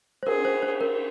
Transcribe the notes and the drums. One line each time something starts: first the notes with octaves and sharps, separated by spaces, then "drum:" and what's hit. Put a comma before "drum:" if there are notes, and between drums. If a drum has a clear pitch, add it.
C5
G#4 A#4, drum: cymbal
C5
C5
A#4